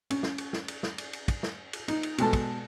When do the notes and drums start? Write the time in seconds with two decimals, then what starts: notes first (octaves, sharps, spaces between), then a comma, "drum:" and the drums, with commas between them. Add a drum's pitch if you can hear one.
0.10 C#4, drum: cymbal
0.23 drum: snare
0.38 drum: cymbal
0.53 drum: snare
0.68 drum: cymbal
0.83 drum: snare
0.98 drum: cymbal
1.13 drum: cymbal
1.28 drum: kick, cymbal
1.43 drum: snare
1.73 drum: cymbal
1.88 D#4, drum: cymbal
2.03 drum: cymbal
2.18 B2 G#3 A4 A5, drum: cymbal
2.33 drum: kick, cymbal